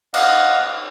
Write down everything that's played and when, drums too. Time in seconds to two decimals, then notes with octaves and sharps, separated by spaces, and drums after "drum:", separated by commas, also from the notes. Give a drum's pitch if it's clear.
0.14 D#5 F5 F#5, drum: cymbal